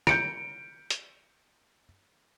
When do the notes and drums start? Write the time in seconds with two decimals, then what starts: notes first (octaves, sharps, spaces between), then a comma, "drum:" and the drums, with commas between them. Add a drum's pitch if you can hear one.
0.07 G6 C#7 D7, drum: rim click
0.90 drum: hi-hat